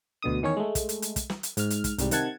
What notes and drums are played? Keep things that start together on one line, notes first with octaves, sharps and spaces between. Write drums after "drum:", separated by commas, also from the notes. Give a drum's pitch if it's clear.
D2 B2 D3 D#6
E2 D#3 C#4 C#5
G#3 A3
drum: kick, hi-hat
drum: hi-hat
drum: hi-hat
drum: kick, hi-hat
drum: snare
drum: hi-hat
G#2 F6, drum: hi-hat
drum: hi-hat
drum: kick, hi-hat
C2 G#2 G3, drum: hi-hat
C3 D#3 F#5 A5 G#6, drum: hi-hat